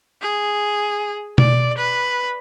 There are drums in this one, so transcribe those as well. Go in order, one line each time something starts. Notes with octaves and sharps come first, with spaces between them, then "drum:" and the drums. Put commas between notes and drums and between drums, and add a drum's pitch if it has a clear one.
G#4
D5, drum: tom B2
B4